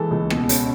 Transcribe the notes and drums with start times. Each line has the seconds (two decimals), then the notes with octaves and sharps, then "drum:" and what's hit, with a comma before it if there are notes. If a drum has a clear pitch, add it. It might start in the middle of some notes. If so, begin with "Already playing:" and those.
Already playing: E3 G#3 A4
0.11 C#2
0.30 B2, drum: rim click
0.49 C#4, drum: hi-hat